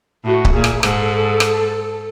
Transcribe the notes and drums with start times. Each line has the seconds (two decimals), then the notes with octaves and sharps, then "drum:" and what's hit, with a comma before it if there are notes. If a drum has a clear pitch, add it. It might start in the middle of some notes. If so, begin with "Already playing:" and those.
0.25 A2 F#4
0.45 drum: kick C#1
0.54 A#2 G#4
0.64 drum: rim click
0.83 G#2 A4, drum: rim click
1.40 drum: rim click